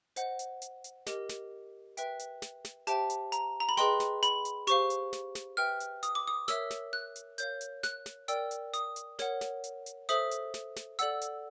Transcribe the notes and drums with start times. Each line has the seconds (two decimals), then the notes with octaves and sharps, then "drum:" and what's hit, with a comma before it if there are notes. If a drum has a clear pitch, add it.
0.16 C5 D#5 F#5, drum: hi-hat
0.39 drum: hi-hat
0.62 drum: hi-hat
0.84 drum: hi-hat
1.06 G4 A#4 D#5, drum: snare
1.29 drum: snare
1.97 B4 E5 G5, drum: hi-hat
2.19 drum: hi-hat
2.42 drum: snare
2.65 drum: snare
2.87 G4 C5 E5 G5 A5, drum: hi-hat
3.10 drum: hi-hat
3.32 A#5, drum: hi-hat
3.60 A#5
3.69 B5
3.77 G#4 B4 D#5 G5 C6, drum: snare
4.00 drum: snare
4.23 B5, drum: hi-hat
4.45 drum: hi-hat
4.67 G4 C5 F5 C#6, drum: hi-hat
4.90 drum: hi-hat
5.13 drum: snare
5.35 drum: snare
5.57 B4 E5 G5 F6
5.80 drum: hi-hat
6.03 D#6, drum: hi-hat
6.15 D6
6.28 D#6
6.48 A#4 C#5 E5 E6, drum: snare
6.70 drum: snare
6.93 F#6
7.16 drum: hi-hat
7.38 A#4 C#5 F5 G6, drum: hi-hat
7.61 drum: hi-hat
7.83 F#6, drum: snare
8.06 drum: snare
8.28 A#4 D5 G5 E6, drum: hi-hat
8.51 drum: hi-hat
8.74 D#6, drum: hi-hat
8.96 drum: hi-hat
9.19 A#4 C#5 F#5, drum: snare
9.41 drum: snare
9.64 drum: hi-hat
9.86 drum: hi-hat
10.09 A4 C5 E5 D#6, drum: hi-hat
10.31 drum: hi-hat
10.54 drum: snare
10.76 drum: snare
10.99 A4 D5 F#5 E6, drum: hi-hat
11.21 drum: hi-hat